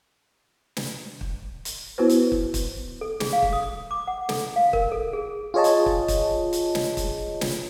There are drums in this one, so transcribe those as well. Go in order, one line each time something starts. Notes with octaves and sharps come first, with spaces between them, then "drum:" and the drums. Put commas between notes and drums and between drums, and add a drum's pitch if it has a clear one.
drum: snare
drum: kick
drum: hi-hat
B3 E4 F#4 B4 C5
drum: hi-hat
drum: kick
drum: kick, hi-hat
A4
G#4, drum: snare
F5
drum: kick
D#6
D6
F#5
A4, drum: snare
F5
A#4, drum: kick
A4
G#4
F4 G#4 C#5 D#5 A5
drum: hi-hat
drum: kick
drum: kick, hi-hat
drum: hi-hat
drum: snare
drum: kick, hi-hat
drum: snare